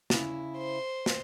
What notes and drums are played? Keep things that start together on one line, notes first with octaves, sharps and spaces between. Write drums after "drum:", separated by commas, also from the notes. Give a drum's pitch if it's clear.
C#3 E4, drum: snare
C5
drum: snare